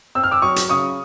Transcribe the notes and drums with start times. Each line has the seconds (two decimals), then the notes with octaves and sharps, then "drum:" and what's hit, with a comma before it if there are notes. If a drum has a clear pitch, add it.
0.15 C4 E6
0.24 F6
0.32 D6 E6
0.42 F#3 C#6 D#6
0.56 drum: hi-hat
0.69 C#3 C#6 D#6